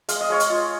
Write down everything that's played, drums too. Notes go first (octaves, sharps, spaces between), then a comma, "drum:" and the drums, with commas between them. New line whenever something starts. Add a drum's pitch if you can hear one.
G#3 F5, drum: hi-hat
D#5
G#3 C#5 F5
drum: hi-hat
F4